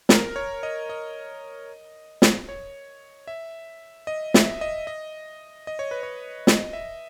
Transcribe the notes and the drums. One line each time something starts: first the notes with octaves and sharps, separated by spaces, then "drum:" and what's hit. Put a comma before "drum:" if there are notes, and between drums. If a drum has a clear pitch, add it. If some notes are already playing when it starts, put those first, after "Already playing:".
A#4, drum: snare
C#5
D#5
D#5
drum: snare
C#5
E5
D#5
E5, drum: snare
D#5
D#5
D#5
C#5
B4
C#5
D#5, drum: snare
E5